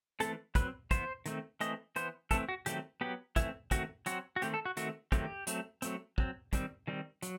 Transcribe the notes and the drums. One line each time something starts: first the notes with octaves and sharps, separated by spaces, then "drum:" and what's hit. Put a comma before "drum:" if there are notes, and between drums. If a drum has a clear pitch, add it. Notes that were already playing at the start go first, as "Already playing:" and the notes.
E3 A3 C4 A4, drum: hi-hat
F#3 C4 B4, drum: kick, hi-hat
E3 B3 C5, drum: kick, hi-hat
D#3 A3 C4, drum: hi-hat
E3 A3 C4 D#5, drum: hi-hat
E3 B3 C5, drum: hi-hat
E3 A3 C4 A4, drum: kick, hi-hat
F#4
D#3 F#3 A3 C4 G4, drum: hi-hat
F#3 B3 G4
E3 A3 C4 E4, drum: kick, hi-hat
D#3 A3 C4 F#4, drum: kick, hi-hat
F#3 C4 F#4, drum: hi-hat
F#4
D#3 A3 C4 G4, drum: hi-hat
A4
F#4
D#3 A3 C4 F#4, drum: hi-hat
D#3 F#3 A3 C4 G4, drum: kick, hi-hat
F#3 A3 C4, drum: hi-hat
F#3 A3 C4, drum: hi-hat
F#3 C4, drum: kick
D#3 G3 C4, drum: kick, hi-hat
D#3 G3 C4
F#3, drum: hi-hat